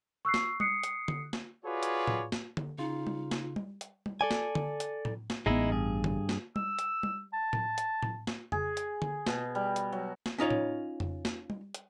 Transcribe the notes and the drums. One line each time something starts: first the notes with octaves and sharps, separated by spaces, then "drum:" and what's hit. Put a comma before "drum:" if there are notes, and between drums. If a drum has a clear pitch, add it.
C#6 E6 F#6 C7
drum: snare
D#6 F#6 C7 C#7, drum: tom G3
drum: hi-hat
drum: tom D3
drum: snare
F4 F#4 G#4 B4 C#5 D5
drum: hi-hat
drum: tom A2
drum: snare
drum: tom D3
C#3 D#4 F4
drum: tom G3
drum: snare
drum: tom G3
drum: hi-hat
drum: tom G3
A4 D5 G#5
drum: snare
drum: tom D3
drum: hi-hat
drum: tom A2
drum: snare
A1 G#3 B3 D#4 E4
G2 G#4
drum: tom D3
drum: snare
E6, drum: tom G3
drum: hi-hat
drum: tom G3
A5
drum: tom A2
drum: hi-hat
drum: tom A2
drum: snare
G#4, drum: tom F2
drum: hi-hat
drum: tom D3
B2, drum: snare
G3
drum: hi-hat
F#3
drum: snare
C#4 D#4 F4 C#5
drum: tom A2
drum: tom F2
drum: snare
drum: tom G3
drum: hi-hat